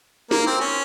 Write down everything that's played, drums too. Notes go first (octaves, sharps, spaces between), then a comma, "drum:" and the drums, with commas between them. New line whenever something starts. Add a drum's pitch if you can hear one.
A#3, drum: snare
C4
C#4